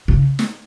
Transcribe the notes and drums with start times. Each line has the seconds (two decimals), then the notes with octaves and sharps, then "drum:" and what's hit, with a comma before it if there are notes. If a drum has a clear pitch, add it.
0.08 C#3
0.39 drum: snare